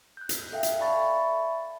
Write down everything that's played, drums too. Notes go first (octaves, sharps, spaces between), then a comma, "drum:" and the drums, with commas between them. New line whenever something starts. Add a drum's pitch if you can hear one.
F#6 G6
drum: hi-hat
A4 E5 F5 G5
drum: hi-hat
D5 E5 A5 B5 C#6 A6